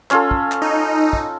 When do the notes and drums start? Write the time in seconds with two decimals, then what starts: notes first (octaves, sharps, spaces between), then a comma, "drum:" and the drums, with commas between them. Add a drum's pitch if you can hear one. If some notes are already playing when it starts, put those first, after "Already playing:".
0.11 C#4 F4 A4, drum: clap
0.31 drum: kick
0.52 drum: clap
0.62 D#4
1.13 drum: kick